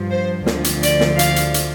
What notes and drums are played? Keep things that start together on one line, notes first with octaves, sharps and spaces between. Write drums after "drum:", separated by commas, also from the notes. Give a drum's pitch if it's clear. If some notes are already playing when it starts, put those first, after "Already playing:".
Already playing: G2 F3
C5
D2 D3 F3, drum: snare
drum: hi-hat
D5, drum: hi-hat
drum: snare
F5, drum: hi-hat
drum: hi-hat
drum: hi-hat